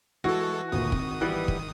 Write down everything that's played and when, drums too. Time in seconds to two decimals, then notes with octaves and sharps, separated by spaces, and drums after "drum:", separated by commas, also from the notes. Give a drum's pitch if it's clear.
0.24 E3 G#3 F#4 A4
0.72 G#1 D2 A#2 D#3 D#6
0.92 C4, drum: kick
1.21 E3 G3 B3 F#6
1.48 drum: kick